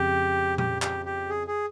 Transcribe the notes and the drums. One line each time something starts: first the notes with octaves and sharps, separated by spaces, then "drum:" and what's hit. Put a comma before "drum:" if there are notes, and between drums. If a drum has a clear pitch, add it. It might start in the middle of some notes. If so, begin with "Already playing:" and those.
Already playing: F2 C#3 G4
G4, drum: tom A#2
G4, drum: clap
G4
G#4
G#4